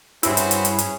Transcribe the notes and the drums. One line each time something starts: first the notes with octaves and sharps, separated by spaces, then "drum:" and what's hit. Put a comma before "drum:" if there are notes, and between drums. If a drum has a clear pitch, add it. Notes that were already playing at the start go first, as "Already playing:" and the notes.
G2 C4 C#4 E4 F#4 G#4 B4 C#5, drum: hi-hat
drum: hi-hat
drum: hi-hat
drum: hi-hat
drum: hi-hat